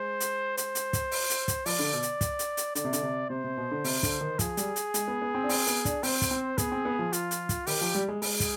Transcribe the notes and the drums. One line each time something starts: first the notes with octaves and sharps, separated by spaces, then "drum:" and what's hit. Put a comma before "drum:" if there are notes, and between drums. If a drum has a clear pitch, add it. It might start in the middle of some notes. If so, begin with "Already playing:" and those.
Already playing: G#3 C5
drum: hi-hat
C5, drum: hi-hat
drum: hi-hat
drum: kick, hi-hat
drum: open hi-hat
drum: hi-hat
drum: kick, hi-hat
F3 D5, drum: open hi-hat
D3
B2
drum: hi-hat
drum: kick, hi-hat
drum: hi-hat
drum: hi-hat
D3 D5, drum: hi-hat
C3
D3, drum: hi-hat
C3
C3 C5
C3
B2
D3
C3, drum: open hi-hat
D3, drum: kick, hi-hat
D#3
F3 G#4, drum: kick, hi-hat
G3, drum: hi-hat
drum: hi-hat
G#3, drum: hi-hat
B3
B3
C4
D4
C4, drum: open hi-hat
B3, drum: hi-hat
D4, drum: kick, hi-hat
C4 C5, drum: open hi-hat
drum: kick, hi-hat
C4
B3 G#4, drum: kick, hi-hat
C4
B3
F3
F4, drum: hi-hat
drum: hi-hat
drum: kick, hi-hat
D#3 G4, drum: open hi-hat
F3
G3
G#3
G#3 G#4, drum: open hi-hat
drum: kick, hi-hat